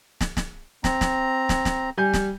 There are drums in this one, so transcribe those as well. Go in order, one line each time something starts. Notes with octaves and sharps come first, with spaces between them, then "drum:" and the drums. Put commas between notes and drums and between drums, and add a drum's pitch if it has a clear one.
drum: snare
drum: snare
C4 A#5, drum: snare
drum: snare
drum: snare
drum: snare
G3 G#5 G6
drum: snare